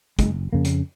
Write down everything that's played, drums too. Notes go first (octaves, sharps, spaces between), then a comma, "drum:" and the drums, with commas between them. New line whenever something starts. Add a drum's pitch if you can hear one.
F#1 G#3, drum: kick, hi-hat
F2 C#3 A#3
drum: hi-hat